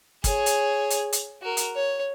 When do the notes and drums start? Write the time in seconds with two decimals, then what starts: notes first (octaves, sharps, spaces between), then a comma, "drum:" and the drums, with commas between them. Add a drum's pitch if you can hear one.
0.24 G#4 C#5, drum: kick, hi-hat
0.46 drum: hi-hat
0.90 drum: hi-hat
1.13 drum: hi-hat
1.42 F#4 A#4
1.57 drum: hi-hat
1.75 C#5